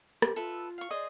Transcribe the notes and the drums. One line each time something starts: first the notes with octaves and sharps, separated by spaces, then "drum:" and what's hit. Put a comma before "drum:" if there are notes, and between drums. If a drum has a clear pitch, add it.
G4, drum: rim click
F4 A4 B4 E5
F5 C#6
G#4 C5 D5 D#5